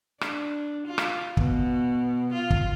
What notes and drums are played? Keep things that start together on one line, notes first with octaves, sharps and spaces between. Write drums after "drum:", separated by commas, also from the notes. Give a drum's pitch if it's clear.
D4, drum: rim click
F4
drum: rim click
B2, drum: kick
F4
drum: kick